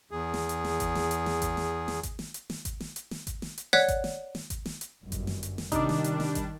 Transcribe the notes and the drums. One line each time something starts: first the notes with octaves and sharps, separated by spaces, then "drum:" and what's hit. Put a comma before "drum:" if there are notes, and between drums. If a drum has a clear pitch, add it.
E2 G#4
drum: snare
drum: hi-hat
drum: snare
drum: kick G#1, hi-hat
drum: snare
drum: hi-hat
drum: snare
drum: kick G#1, hi-hat
drum: snare
drum: snare
drum: kick G#1, hi-hat
drum: snare
drum: hi-hat
drum: snare
drum: kick G#1, hi-hat
drum: snare
drum: hi-hat
drum: snare
drum: kick G#1, hi-hat
drum: snare
drum: hi-hat
C#5 D5 F#5 F#6 G#6 B6, drum: snare
drum: kick G#1, hi-hat
drum: snare
drum: snare
drum: kick G#1, hi-hat
drum: snare
drum: hi-hat
G1 F#2
drum: kick G#1, hi-hat
drum: snare
drum: hi-hat
drum: snare
C3 D#3 G3 D4 D#4 D6, drum: kick G#1, hi-hat
drum: snare
drum: hi-hat
drum: snare
drum: kick G#1, hi-hat